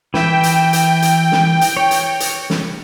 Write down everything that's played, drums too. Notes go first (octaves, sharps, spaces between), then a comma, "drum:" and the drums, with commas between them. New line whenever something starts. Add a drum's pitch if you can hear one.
E3 E5 G5, drum: snare
drum: hi-hat
drum: hi-hat
drum: hi-hat
drum: snare
drum: hi-hat
C#5
drum: hi-hat
drum: hi-hat
drum: snare